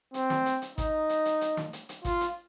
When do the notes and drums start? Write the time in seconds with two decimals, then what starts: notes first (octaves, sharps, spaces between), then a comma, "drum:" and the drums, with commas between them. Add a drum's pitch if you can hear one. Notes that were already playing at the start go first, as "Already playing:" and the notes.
0.14 C4, drum: hi-hat
0.30 drum: snare
0.46 drum: hi-hat
0.62 drum: hi-hat
0.78 D#4, drum: kick G#1, hi-hat
1.09 drum: hi-hat
1.25 drum: hi-hat
1.41 drum: hi-hat
1.57 drum: snare
1.73 drum: hi-hat
1.89 drum: hi-hat
2.05 F4, drum: kick G#1, hi-hat
2.21 drum: hi-hat